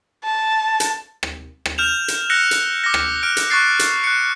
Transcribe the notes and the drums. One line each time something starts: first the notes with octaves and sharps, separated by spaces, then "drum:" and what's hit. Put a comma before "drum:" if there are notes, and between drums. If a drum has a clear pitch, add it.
A5
drum: hi-hat
drum: rim click
drum: rim click
F6 G6 E7 F7
drum: hi-hat
E6 F#6 A#6 C#7
drum: hi-hat
D6 F6 A#6
drum: rim click
F6 F#6 D7
drum: hi-hat
C#6 F#6 A6 C7
drum: hi-hat
F#6 C#7